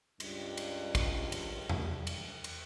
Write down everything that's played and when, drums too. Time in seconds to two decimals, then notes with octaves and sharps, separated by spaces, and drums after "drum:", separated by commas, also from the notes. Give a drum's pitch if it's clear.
0.20 C#2 G2, drum: cymbal
0.57 drum: cymbal
0.95 drum: kick, cymbal
1.32 drum: cymbal
1.69 drum: tom E2
2.07 drum: cymbal
2.44 drum: cymbal